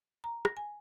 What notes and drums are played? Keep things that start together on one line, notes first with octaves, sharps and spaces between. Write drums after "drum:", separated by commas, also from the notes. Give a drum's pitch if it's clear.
A#5
A#6, drum: rim click
G#5